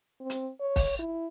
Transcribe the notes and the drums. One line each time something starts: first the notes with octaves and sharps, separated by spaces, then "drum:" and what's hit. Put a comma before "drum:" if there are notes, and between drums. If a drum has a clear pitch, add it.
C4
drum: hi-hat
C#5
drum: kick, open hi-hat
E4